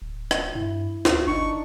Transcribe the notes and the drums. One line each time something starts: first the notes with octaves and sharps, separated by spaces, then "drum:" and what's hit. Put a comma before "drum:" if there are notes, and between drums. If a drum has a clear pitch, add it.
D1
drum: rim click
G2 E4
D2, drum: snare
G1 D4 D#4 C#6